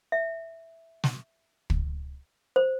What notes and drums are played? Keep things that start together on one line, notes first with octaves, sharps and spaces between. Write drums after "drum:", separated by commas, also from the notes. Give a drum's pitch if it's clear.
E5
drum: snare
drum: kick
C5